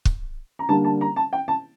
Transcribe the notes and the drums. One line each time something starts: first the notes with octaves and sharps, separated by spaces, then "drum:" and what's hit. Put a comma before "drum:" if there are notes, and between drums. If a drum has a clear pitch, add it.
drum: kick
A#5
D3 G3 A#3 D4 A5
A5
A#5
A5
G5
A5